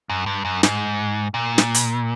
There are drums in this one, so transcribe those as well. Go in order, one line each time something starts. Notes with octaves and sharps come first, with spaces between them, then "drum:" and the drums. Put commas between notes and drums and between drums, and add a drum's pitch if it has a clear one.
F#2
G2
F#2
G#2, drum: snare
A#2
drum: snare
drum: hi-hat